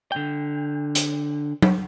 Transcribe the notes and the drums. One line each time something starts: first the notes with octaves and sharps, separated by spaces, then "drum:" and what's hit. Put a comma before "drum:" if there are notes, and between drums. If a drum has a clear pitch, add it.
D3 G5
drum: hi-hat
drum: tom F#3